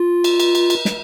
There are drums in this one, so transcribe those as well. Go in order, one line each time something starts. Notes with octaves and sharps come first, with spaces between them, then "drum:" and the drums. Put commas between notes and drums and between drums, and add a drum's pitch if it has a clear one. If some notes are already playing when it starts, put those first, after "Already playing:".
Already playing: F4
drum: cymbal
drum: cymbal
drum: cymbal
drum: cymbal
drum: snare